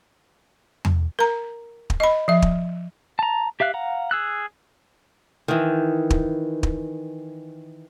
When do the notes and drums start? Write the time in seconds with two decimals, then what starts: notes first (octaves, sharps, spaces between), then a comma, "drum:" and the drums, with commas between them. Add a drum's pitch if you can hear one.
0.85 drum: tom E2
1.19 A#4 A#5
1.90 drum: kick
2.00 D#5 B5
2.28 F3 E5
2.42 drum: kick
3.19 A5 A#5
3.60 G4 E5 F5 F#6
3.74 F5 F#5 A#5
4.11 G#4 E6 F#6
5.48 D#3 E3
6.10 drum: kick
6.63 drum: kick